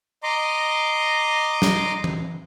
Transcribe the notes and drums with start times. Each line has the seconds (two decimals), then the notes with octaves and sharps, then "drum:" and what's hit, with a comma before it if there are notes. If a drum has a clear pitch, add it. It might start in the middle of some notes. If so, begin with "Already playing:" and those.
0.23 D#5 A#5 C6 D6
1.62 drum: snare
2.04 drum: tom E3